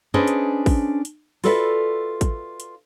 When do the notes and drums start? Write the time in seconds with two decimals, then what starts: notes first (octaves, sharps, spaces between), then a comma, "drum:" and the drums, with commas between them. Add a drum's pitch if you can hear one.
0.14 C#4 D4 G#4 B4 C5 D#5
0.28 drum: hi-hat
0.66 drum: kick, open hi-hat
1.05 drum: hi-hat
1.44 F4 F#4 A4 B4 D5 E5, drum: open hi-hat
2.21 drum: kick, hi-hat
2.60 drum: hi-hat